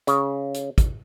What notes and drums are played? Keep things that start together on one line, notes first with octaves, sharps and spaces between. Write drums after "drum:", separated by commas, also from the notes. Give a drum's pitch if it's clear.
C#3, drum: hi-hat
drum: hi-hat
drum: kick, hi-hat